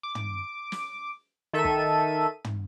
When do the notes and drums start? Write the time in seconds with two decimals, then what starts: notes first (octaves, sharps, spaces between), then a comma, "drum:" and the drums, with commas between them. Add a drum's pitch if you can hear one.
0.03 D6
0.15 drum: tom
0.72 drum: snare
1.53 D#3 A4 E5 D#7
1.65 drum: kick
2.44 drum: tom